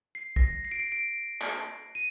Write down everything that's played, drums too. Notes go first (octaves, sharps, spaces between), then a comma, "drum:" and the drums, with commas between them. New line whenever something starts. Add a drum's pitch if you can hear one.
C7
A#6, drum: kick
C7
D7
C7
D7
drum: clap
D#7